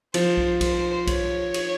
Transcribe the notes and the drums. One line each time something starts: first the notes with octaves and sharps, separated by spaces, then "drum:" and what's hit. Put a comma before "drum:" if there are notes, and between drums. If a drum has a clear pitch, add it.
F3 C5, drum: cymbal
drum: kick B1
C5, drum: kick B1, cymbal
C#5, drum: kick B1, cymbal
drum: cymbal